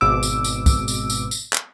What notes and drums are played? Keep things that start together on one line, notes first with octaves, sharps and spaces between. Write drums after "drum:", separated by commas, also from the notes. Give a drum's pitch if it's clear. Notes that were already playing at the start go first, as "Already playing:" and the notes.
G#1 B2 D6 E6
drum: tambourine
drum: tambourine
drum: kick, tambourine
drum: tambourine
drum: tambourine
drum: tambourine
drum: clap